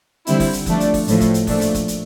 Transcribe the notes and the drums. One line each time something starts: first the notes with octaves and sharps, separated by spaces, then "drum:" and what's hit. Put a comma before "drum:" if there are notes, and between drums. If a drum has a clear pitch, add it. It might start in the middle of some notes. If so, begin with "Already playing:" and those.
D3 G3 C4 E4, drum: hi-hat
drum: kick F#1, open hi-hat
drum: hi-hat
F3 A3 D4, drum: kick F#1, hi-hat
drum: hi-hat
drum: kick F#1, open hi-hat
A2 F3 A3, drum: hi-hat
drum: kick F#1, hi-hat
drum: hi-hat
A#2 F3 A3 D4, drum: kick F#1, open hi-hat
drum: hi-hat
drum: kick F#1, hi-hat
drum: hi-hat